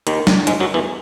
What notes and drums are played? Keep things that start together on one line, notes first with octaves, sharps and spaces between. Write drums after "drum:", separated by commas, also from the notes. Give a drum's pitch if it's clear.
D#2 D#3, drum: hi-hat
drum: snare
G#2 G#3, drum: hi-hat
F#2 F#3
E2 E3